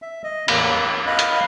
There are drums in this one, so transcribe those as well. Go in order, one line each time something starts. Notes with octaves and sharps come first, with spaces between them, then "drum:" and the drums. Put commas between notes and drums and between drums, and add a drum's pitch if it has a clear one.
E5
D#5
E2 A2 A#3 B5, drum: cymbal
D6
D#5 F5 B5 F#6
drum: hi-hat